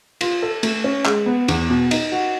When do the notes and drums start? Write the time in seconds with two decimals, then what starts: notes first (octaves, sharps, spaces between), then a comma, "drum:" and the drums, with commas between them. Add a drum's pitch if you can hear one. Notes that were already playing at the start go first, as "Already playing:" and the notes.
0.21 F4, drum: cymbal
0.42 A4
0.63 A3, drum: cymbal
0.84 C#4
1.05 G#3, drum: clap
1.26 B3
1.48 E2, drum: cymbal
1.70 B2
1.91 D#4, drum: cymbal
2.12 F#4